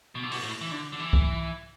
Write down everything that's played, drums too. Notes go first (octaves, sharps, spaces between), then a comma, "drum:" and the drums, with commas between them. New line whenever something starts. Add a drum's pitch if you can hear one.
B2
D3
B2, drum: open hi-hat
A2
E3
D3
D3
E3
drum: kick